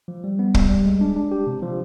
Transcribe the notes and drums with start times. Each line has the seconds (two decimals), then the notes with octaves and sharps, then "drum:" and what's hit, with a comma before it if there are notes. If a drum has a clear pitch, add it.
0.08 F3
0.24 G3
0.39 B3
0.54 G3, drum: kick
0.70 G3
0.85 G#3
1.01 D4
1.16 D4
1.32 G4
1.47 C3
1.62 F3